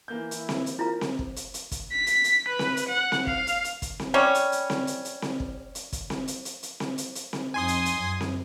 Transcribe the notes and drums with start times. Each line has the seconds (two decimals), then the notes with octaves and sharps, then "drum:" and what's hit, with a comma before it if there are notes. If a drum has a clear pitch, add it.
0.08 E3 A#3 G6
0.31 E4, drum: hi-hat
0.49 drum: snare C4
0.66 drum: hi-hat
0.79 E4 F4 A#4 A#5
1.01 drum: snare C4
1.19 drum: kick
1.36 drum: hi-hat
1.54 drum: hi-hat
1.71 drum: kick, hi-hat
1.93 B6
2.07 drum: hi-hat
2.24 drum: hi-hat
2.48 B4
2.59 drum: snare C4
2.77 drum: hi-hat
2.89 F#5
3.12 drum: snare C4
3.27 F5, drum: kick
3.47 drum: hi-hat
3.64 drum: hi-hat
3.82 drum: kick, hi-hat
4.00 drum: snare C4
4.14 G3 C#4
4.35 drum: hi-hat
4.52 drum: hi-hat
4.70 drum: snare C4
4.87 drum: hi-hat
5.05 drum: hi-hat
5.22 drum: snare C4
5.40 drum: kick
5.75 drum: hi-hat
5.92 drum: kick, hi-hat
6.10 drum: snare C4
6.28 drum: hi-hat
6.45 drum: hi-hat
6.63 drum: hi-hat
6.80 drum: snare C4
6.98 drum: hi-hat
7.15 drum: hi-hat
7.33 drum: snare C4
7.54 F2 D#4 G#5 C6 D#6
7.68 drum: hi-hat
7.85 drum: hi-hat
7.96 F#2
8.21 drum: snare C4